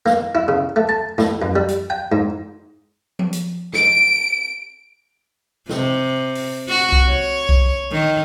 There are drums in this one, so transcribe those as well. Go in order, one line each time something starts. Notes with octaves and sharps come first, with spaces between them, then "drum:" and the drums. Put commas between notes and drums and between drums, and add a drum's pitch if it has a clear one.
A#3, drum: snare
E4
C#3
A3
A5
A2, drum: snare
F#2
G3
drum: hi-hat
G5
G#2
drum: tom F3
drum: hi-hat
D7, drum: snare
C3, drum: snare
drum: open hi-hat
F#4
drum: kick C2
C#5, drum: tom C3
drum: kick C2
D#3